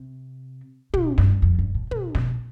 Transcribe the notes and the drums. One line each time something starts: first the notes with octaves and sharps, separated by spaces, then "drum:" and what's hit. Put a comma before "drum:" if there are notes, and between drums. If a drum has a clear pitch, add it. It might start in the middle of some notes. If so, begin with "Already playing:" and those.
Already playing: C3
B2, drum: tom
G2, drum: snare
F2
G2
A2
B2, drum: tom
B2, drum: snare